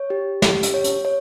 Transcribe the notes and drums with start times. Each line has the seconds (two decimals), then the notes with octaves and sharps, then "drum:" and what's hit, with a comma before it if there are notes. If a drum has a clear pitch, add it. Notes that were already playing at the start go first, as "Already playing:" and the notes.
Already playing: C#5
0.10 G4
0.42 G4, drum: snare
0.63 drum: hi-hat
0.74 C#5
0.84 drum: hi-hat
1.05 C#5